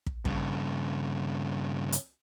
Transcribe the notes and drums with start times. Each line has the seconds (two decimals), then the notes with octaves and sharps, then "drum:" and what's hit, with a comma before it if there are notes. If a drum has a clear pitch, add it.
0.06 drum: kick
0.25 G2 C#3, drum: kick
1.92 drum: hi-hat